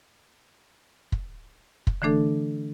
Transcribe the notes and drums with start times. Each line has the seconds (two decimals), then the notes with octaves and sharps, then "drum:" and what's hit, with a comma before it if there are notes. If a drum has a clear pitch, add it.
1.12 drum: kick
1.87 drum: kick
2.02 D3 E3 A3 D4 A4